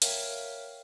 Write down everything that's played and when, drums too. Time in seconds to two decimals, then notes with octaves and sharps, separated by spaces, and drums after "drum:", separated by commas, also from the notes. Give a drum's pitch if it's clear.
0.02 A#4 C#5 E5 F5 G5, drum: hi-hat